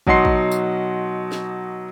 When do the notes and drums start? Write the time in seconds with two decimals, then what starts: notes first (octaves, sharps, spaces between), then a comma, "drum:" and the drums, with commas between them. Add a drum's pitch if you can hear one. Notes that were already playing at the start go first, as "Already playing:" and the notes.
0.07 B2 F#3 D#4 F#5 C6 C7, drum: kick
0.25 drum: kick
0.51 drum: tambourine
1.32 drum: snare